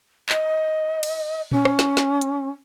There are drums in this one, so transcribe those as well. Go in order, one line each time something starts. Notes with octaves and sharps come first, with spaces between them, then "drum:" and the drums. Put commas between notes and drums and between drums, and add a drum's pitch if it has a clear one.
D#5, drum: clap
drum: cymbal
C#4, drum: tom A#2
drum: rim click
drum: snare
drum: snare
drum: hi-hat